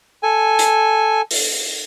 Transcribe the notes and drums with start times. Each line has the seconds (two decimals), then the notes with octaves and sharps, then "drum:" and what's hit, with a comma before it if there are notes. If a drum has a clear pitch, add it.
0.23 A4 G#5
0.59 drum: hi-hat
1.31 drum: open hi-hat